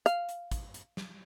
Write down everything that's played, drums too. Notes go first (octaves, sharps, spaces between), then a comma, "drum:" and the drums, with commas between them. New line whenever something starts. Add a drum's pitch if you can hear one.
F5, drum: hi-hat
drum: hi-hat
drum: kick, hi-hat
drum: hi-hat
drum: snare